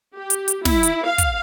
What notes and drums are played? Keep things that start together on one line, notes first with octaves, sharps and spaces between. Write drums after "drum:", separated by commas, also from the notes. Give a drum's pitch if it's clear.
G4
drum: hi-hat
drum: hi-hat
E4, drum: snare
drum: hi-hat
F5
drum: kick, hi-hat